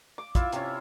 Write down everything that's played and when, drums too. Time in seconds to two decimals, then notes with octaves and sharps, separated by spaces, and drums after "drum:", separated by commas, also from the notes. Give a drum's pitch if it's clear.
0.18 D6
0.35 E4 F4 E5, drum: kick, hi-hat
0.52 C3 C#4, drum: hi-hat